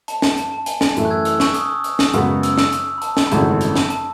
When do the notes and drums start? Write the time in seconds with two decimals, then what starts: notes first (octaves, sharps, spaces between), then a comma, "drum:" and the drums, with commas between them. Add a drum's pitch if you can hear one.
0.08 A5, drum: hi-hat
0.22 drum: snare
0.37 A5, drum: hi-hat
0.52 A5
0.66 G#5, drum: hi-hat
0.81 A5, drum: snare
0.97 F#2 E3 A3 E4, drum: hi-hat
1.05 F#6
1.11 E6 G#6
1.25 E6, drum: hi-hat
1.40 C#6, drum: snare
1.54 D#6, drum: hi-hat
1.84 drum: hi-hat
1.99 drum: snare
2.13 F#2 C#3 G#3 B3 F#4, drum: hi-hat
2.43 E6, drum: hi-hat
2.58 E6, drum: snare
2.73 drum: hi-hat
2.98 B5
3.02 A5, drum: hi-hat
3.17 drum: snare
3.27 B5
3.32 G#1 F#2 C#3 E3 A3 A5, drum: hi-hat
3.61 drum: hi-hat
3.76 drum: snare
3.90 A5, drum: hi-hat